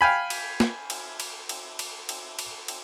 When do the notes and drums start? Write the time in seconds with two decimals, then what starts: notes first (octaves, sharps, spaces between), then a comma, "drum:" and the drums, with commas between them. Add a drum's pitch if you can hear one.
0.01 F5 G5 G#5 B5
0.30 drum: cymbal
0.60 drum: snare
0.90 drum: cymbal
1.20 drum: cymbal
1.49 drum: cymbal
1.79 drum: cymbal
2.09 drum: cymbal
2.39 drum: cymbal
2.68 drum: cymbal